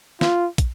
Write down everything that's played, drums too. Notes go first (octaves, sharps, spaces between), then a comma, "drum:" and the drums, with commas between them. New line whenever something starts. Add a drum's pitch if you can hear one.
F4, drum: snare
drum: kick, hi-hat